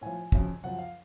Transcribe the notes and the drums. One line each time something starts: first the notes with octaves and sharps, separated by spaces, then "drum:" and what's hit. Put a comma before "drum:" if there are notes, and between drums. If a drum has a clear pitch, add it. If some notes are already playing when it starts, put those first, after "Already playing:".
A2 F3 G#5
F2 C#3 F#3, drum: kick
F#2 C#3 F3 F#5
F5